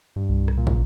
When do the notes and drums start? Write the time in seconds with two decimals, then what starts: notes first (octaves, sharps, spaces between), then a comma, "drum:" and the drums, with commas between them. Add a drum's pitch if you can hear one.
0.16 G2
0.29 C2
0.48 drum: rim click
0.57 A#2
0.67 drum: kick